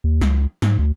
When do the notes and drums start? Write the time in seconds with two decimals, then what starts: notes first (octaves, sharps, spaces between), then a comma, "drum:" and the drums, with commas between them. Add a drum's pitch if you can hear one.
0.04 D#2
0.21 C#2, drum: snare
0.62 G#2, drum: snare
0.79 D2